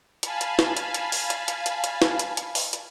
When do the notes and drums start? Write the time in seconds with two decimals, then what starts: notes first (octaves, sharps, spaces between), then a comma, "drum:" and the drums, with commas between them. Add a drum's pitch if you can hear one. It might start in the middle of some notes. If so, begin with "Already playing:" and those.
0.23 F5 G#5 A5 B5, drum: hi-hat
0.41 drum: hi-hat
0.59 drum: snare
0.77 drum: hi-hat
0.94 drum: hi-hat
1.12 drum: open hi-hat
1.30 drum: hi-hat
1.48 drum: hi-hat
1.66 drum: hi-hat
1.84 drum: hi-hat
2.02 drum: snare
2.19 drum: hi-hat
2.37 drum: hi-hat
2.55 drum: open hi-hat
2.73 drum: hi-hat